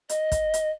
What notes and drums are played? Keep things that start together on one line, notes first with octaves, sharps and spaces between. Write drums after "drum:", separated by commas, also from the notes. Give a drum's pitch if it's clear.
D#5, drum: hi-hat
drum: kick, hi-hat
drum: hi-hat